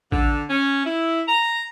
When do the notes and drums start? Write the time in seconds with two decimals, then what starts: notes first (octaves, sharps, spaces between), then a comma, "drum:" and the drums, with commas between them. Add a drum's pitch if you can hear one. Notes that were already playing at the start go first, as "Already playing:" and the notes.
0.12 D3, drum: kick A1
0.50 C#4
0.85 E4
1.27 A#5